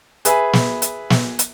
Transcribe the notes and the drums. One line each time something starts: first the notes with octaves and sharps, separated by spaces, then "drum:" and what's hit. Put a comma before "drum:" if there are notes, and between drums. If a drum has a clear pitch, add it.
G#4 B4 E5 G#5 B5, drum: hi-hat
drum: snare
drum: hi-hat
drum: snare
drum: hi-hat